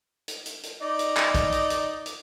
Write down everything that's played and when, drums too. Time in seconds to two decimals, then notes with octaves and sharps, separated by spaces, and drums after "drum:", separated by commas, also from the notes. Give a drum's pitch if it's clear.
0.28 drum: hi-hat
0.46 drum: hi-hat
0.63 drum: hi-hat
0.81 D#4 D5 D#5
0.99 drum: hi-hat
1.17 drum: clap
1.35 drum: kick, hi-hat
1.52 drum: hi-hat
1.70 drum: hi-hat
2.06 drum: hi-hat